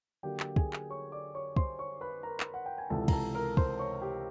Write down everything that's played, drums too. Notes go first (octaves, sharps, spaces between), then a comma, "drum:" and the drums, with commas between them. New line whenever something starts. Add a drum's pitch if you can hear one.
D3 F#3 A#3 G4 G5
drum: clap
G#4 G#5, drum: kick
drum: clap
C#5 C#6
D5 D6
C#5 C#6
C5 C6, drum: kick
C#5 C#6
B4 B5
A#4 A#5
drum: clap
F#5
G5
G#5
C#2 C3 E3 A4 A5
A#5, drum: kick, cymbal
A4 A5
A#4 A#5
C5 C6, drum: kick
C#5 C#6
G4 G5